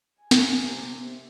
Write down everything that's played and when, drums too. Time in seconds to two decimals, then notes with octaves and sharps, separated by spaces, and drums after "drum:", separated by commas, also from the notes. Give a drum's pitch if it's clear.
0.22 G#5
0.31 drum: snare
0.58 C3